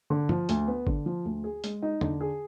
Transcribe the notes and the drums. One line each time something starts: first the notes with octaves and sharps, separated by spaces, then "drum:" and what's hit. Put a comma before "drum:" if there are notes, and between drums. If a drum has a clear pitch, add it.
D3
F3, drum: tom
D2, drum: hi-hat
B3
D3, drum: kick G#1
F3
D2
G#4
G#3, drum: hi-hat
D#4
D3, drum: tom E2
G#4